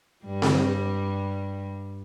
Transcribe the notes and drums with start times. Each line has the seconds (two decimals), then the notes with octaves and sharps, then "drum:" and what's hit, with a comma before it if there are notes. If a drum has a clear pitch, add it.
0.24 G2 G3
0.42 drum: snare C4